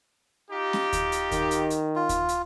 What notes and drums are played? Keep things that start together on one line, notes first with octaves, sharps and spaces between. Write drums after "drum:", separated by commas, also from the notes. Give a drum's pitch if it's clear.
D#4 F4 G4
drum: snare C#4
drum: kick D2, hi-hat
drum: hi-hat
D#3, drum: kick D2, hi-hat
drum: hi-hat
drum: hi-hat
F4
drum: kick D2, hi-hat
drum: hi-hat